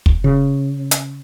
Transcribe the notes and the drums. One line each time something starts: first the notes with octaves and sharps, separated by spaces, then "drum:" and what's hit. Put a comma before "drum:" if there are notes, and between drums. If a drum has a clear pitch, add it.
drum: kick
C#3
drum: hi-hat